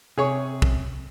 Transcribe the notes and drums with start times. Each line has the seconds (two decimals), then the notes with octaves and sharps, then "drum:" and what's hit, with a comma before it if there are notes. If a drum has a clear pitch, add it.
0.18 C3 G#4 C#5
0.62 drum: kick